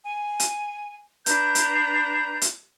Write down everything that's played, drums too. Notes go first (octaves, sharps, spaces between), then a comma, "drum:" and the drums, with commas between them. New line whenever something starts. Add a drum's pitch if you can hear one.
G#5
drum: hi-hat
D4 B4 A#5 G6, drum: hi-hat
drum: hi-hat
drum: hi-hat